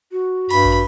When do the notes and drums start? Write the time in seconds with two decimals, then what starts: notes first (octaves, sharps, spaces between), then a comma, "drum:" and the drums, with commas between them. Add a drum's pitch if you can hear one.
0.12 F#4
0.50 G2 B5, drum: cymbal
0.65 drum: kick